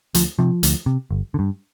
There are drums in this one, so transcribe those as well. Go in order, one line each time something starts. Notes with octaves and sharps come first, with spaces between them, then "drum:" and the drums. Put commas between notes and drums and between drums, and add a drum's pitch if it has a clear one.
D2 F3, drum: hi-hat
C3 F3
D2, drum: hi-hat
C3
G1
D3
G2